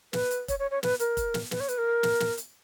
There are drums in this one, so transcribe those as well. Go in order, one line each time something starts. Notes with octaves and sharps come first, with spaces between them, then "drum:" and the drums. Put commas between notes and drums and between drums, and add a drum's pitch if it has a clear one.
B4, drum: snare
drum: hi-hat
C#5, drum: kick, hi-hat
C#5
C#5
B4, drum: snare
A#4, drum: hi-hat
drum: kick, hi-hat
drum: snare
B4, drum: snare
C#5
B4, drum: hi-hat
A#4
drum: snare
drum: snare
drum: hi-hat